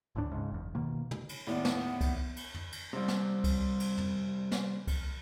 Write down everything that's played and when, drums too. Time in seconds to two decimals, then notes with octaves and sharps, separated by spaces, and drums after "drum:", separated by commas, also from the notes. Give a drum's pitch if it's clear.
0.15 G#1 D2 A2 D4
0.32 G#2 C#3
0.51 F#1 E2
0.75 B2 D#3 A#3
1.11 drum: tom
1.29 drum: cymbal
1.47 D#2 A2 B3 D5
1.65 drum: snare
2.01 drum: kick C2, cymbal
2.37 drum: cymbal
2.54 drum: tom
2.72 drum: cymbal
2.93 C3 G3
3.08 drum: snare
3.44 drum: kick C2, cymbal
3.80 drum: cymbal
3.98 drum: tom
4.52 drum: snare
4.87 drum: kick C2, cymbal